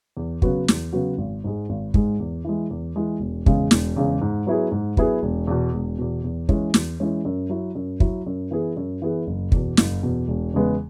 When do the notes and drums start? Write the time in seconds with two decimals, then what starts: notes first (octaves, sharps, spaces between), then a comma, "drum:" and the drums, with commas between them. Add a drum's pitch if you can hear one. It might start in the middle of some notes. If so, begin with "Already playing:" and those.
0.17 E2
0.42 C#3 F#3 B3 F#4, drum: kick
0.68 E2, drum: snare
0.93 C#3 F#3 B3 F#4
1.18 G#1
1.44 G#2 G#3
1.69 G#1
1.94 G#2 G#3, drum: kick
2.20 E2
2.45 E3 G#3
2.71 E2
2.96 E3 G#3
3.20 E1
3.46 E2 C#3 G#3, drum: kick
3.71 E1, drum: snare
3.96 E2 C#3 G#3
4.21 G#2
4.47 F#3 B3 E4 G#4
4.71 G#2
4.97 F#3 B3 E4 G#4, drum: kick
5.23 E1
5.47 E2 B2
5.74 E1
5.99 E2 B2
6.24 E2
6.49 E3 G#3 C#4, drum: kick
6.74 E2, drum: snare
7.00 E3 G#3 C#4
7.25 F#2
7.49 F#3 E4
7.75 F#2
8.00 F#3 E4, drum: kick
8.27 F#2
8.51 E3 B3 G#4
8.77 F#2
9.02 E3 B3 G#4
9.27 F#1
9.52 E2 B2, drum: kick
9.77 F#1, drum: snare
10.03 E2 B2
10.28 E1
10.54 E2 C#3 G#3 B3